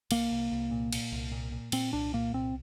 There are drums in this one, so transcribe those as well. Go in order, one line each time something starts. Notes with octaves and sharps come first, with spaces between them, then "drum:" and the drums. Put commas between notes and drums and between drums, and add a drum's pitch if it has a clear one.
C2 A#3, drum: cymbal
C2
C2
A#2
A#2, drum: cymbal
C2
A#2
A#2
A#2 C4, drum: cymbal
C2 D4
A#2 A#3
C2 C4